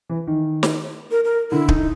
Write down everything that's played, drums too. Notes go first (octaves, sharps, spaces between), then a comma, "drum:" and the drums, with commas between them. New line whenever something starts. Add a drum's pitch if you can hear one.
E3
D#3
drum: snare
A#4
A#4
D3 E4
D#4, drum: kick